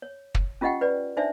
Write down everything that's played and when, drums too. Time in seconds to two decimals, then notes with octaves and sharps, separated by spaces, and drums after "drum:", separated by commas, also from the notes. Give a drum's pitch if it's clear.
0.02 C#5
0.35 drum: kick
0.61 C#4 F4 G4 D#5 F#5 G5
0.81 B4 D5
1.17 D4 D#4 C5 D5 E5